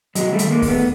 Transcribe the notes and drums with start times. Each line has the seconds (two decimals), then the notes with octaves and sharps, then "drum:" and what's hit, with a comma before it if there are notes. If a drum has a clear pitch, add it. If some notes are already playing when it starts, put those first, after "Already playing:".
0.15 C3 F#3 G#3, drum: hi-hat
0.32 G3 A3
0.39 D#3, drum: hi-hat
0.50 G#3 A#3
0.62 D2, drum: kick D#2, open hi-hat
0.68 A3 B3